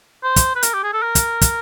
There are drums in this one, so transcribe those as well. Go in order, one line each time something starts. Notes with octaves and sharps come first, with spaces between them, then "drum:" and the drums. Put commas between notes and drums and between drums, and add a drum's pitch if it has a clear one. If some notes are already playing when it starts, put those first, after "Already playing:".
C5
drum: kick, hi-hat
B4
A#4, drum: hi-hat
G4
G#4
A4
A#4
drum: kick, hi-hat
drum: kick, hi-hat